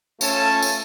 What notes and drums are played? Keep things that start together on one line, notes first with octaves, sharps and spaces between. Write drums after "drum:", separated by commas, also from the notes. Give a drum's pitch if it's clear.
A3 C#4 F4 C#5 G#5 A5, drum: tambourine
drum: tambourine